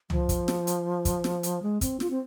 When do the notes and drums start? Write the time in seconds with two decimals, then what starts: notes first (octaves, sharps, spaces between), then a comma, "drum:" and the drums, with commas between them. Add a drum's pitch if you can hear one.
0.10 F3, drum: tom
0.29 drum: kick, hi-hat
0.48 drum: snare
0.67 drum: hi-hat
1.05 drum: kick, hi-hat
1.24 drum: snare
1.43 drum: hi-hat
1.62 G#3
1.81 C4, drum: kick, hi-hat
2.00 F4, drum: snare
2.10 C4